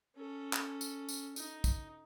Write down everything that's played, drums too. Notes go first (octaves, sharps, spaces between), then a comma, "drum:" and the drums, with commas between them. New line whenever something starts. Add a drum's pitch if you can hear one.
C#4 A4
drum: clap
drum: tambourine
drum: tambourine
D#4, drum: tambourine
drum: kick, tambourine